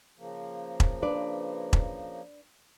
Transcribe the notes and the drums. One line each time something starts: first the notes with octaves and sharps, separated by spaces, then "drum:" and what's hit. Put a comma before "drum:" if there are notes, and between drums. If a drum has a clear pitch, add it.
C#3 F3 A#3
drum: kick E1
D4 B4 D5
drum: kick E1